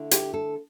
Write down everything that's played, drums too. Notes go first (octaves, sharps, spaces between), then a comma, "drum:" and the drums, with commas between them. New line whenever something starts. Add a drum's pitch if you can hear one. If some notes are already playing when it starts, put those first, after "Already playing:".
Already playing: D3 A3 E4
G4, drum: hi-hat
A4